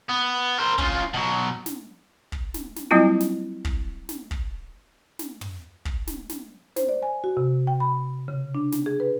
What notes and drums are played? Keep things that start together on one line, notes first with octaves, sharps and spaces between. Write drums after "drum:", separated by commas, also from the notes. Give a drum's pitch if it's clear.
B3
A#4 C5
C#4 F4, drum: kick
B2 F#3
drum: snare
drum: kick
drum: snare
drum: snare
F#3 G3 A#3 C4 E4 F4
drum: snare
drum: kick
drum: snare
drum: kick
drum: snare
drum: tom
drum: kick
drum: snare
drum: snare
C5, drum: snare
D5
G#5
F#4
C3
G5
B5
C#3
D4
drum: snare
G#4
B4